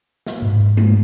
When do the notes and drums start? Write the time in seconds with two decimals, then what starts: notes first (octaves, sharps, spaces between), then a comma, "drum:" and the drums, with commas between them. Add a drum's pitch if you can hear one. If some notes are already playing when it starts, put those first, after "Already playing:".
0.26 drum: snare
0.42 G#2
0.77 drum: tom G#3